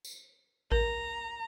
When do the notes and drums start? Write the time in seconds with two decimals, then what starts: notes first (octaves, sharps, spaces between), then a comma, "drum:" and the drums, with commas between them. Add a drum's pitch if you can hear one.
0.05 drum: tambourine
0.72 A#4 A#5, drum: kick A1